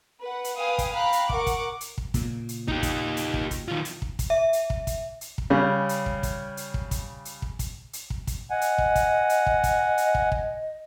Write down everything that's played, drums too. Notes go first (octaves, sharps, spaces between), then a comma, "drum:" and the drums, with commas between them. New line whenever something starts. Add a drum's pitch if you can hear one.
B4 F#5
drum: hi-hat
B4 F5 G5 G#5 D#6
drum: kick, hi-hat
F5 G5 A#5 B5 F#6
drum: hi-hat
A#4 F#5 C#6 D6, drum: kick
drum: kick, hi-hat
drum: hi-hat
drum: kick
A#2 C#3 A#3, drum: kick, hi-hat
drum: hi-hat
D#4 G4, drum: kick
drum: kick, hi-hat
drum: hi-hat
drum: kick
drum: kick, hi-hat
D#3 F4
drum: hi-hat
drum: kick
drum: kick, hi-hat
E5
drum: hi-hat
drum: kick
drum: kick, hi-hat
drum: hi-hat
drum: kick
C#3 G3
drum: hi-hat
drum: kick
drum: kick, hi-hat
drum: hi-hat
drum: kick
drum: kick, hi-hat
drum: hi-hat
drum: kick
drum: kick, hi-hat
drum: hi-hat
drum: kick
drum: kick, hi-hat
D#5 F#5 G#5
drum: hi-hat
drum: kick
drum: kick, hi-hat
drum: hi-hat
drum: kick
drum: kick, hi-hat
drum: hi-hat
drum: kick
drum: kick